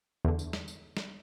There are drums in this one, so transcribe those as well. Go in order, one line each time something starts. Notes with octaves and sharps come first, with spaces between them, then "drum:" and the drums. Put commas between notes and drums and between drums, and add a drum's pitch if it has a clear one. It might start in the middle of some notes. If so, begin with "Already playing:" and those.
E2 D3
drum: tambourine
drum: snare
drum: tambourine
drum: snare